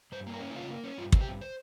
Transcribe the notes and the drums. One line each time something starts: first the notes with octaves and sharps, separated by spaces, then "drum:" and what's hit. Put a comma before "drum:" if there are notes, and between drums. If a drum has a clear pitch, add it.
G2 C5
A#3
A#4
C#4
E4
C#3 F4
A#3
C#4
G2 F4
C4, drum: kick
G4
G2
C5